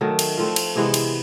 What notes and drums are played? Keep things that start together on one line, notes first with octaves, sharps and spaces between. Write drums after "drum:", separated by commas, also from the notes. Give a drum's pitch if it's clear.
D#3 F#3 A3
drum: cymbal
F3 A3 C4
drum: cymbal
C3 E3 G#3 B3
drum: cymbal